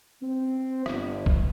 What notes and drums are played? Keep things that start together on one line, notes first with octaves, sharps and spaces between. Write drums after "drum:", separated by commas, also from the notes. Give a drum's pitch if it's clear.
C4
G1, drum: rim click
drum: kick